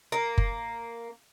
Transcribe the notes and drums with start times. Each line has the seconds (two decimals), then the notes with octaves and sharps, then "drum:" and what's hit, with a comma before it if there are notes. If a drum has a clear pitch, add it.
0.12 A#3
0.38 drum: kick F#1